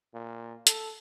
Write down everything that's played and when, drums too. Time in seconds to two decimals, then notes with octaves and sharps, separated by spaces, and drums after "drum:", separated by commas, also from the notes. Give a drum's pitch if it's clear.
0.14 A#2
0.67 A4, drum: hi-hat